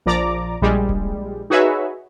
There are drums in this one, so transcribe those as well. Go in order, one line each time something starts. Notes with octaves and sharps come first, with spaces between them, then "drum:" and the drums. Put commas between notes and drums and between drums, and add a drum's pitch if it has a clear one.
A#1 F3 D5 A#5 D6
A#1 G3 G#3
drum: kick D#1
D#4 F#4 G#4 B4 C#5 E5